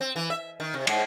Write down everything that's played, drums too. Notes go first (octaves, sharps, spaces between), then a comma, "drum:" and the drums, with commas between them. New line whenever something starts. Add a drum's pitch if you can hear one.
C4
E3
E5
D#3
C3
G#2, drum: cymbal